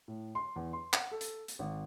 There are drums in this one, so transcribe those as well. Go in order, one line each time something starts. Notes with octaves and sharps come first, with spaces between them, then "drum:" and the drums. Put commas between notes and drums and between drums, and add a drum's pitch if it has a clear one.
A2
C6
E2
C6
F#5, drum: clap
A4
drum: hi-hat
drum: hi-hat
G#1